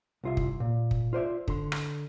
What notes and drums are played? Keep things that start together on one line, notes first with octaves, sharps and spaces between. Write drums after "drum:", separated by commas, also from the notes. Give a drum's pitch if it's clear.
C2 F4 E5
drum: kick
A#2
drum: kick
F4 C5 D5 E5
D3 C6, drum: kick
drum: rim click